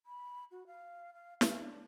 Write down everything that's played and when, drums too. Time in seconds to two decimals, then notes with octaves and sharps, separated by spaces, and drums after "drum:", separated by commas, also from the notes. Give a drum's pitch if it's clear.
0.06 B5
0.51 F#4
0.67 F5
1.14 F5
1.41 F5, drum: snare
1.60 D4